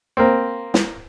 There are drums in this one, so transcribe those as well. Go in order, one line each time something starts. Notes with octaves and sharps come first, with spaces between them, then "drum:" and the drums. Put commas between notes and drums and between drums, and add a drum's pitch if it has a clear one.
A#3 C4
drum: snare